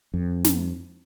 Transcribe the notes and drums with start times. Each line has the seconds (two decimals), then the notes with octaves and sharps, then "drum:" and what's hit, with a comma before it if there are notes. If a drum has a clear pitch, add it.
0.14 F2
0.44 drum: snare